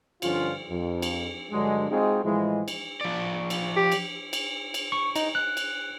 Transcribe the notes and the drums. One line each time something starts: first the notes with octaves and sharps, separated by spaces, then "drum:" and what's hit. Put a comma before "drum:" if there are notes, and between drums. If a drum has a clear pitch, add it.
G2 D3 F3 C#4 F4, drum: cymbal
F2
drum: cymbal
G2 D3 F#3 G#3
G#3 C4 D#4 F4 F#4 G#4
A2 E3 F3 G#3
drum: cymbal
F3 D5
drum: cymbal
G4
drum: cymbal
drum: cymbal
drum: cymbal
C#6
D#4, drum: cymbal
F#6
drum: cymbal